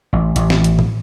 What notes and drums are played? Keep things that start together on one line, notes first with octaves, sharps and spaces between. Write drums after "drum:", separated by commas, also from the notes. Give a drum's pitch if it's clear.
A1
A1, drum: hi-hat
drum: snare
drum: hi-hat
drum: tom A2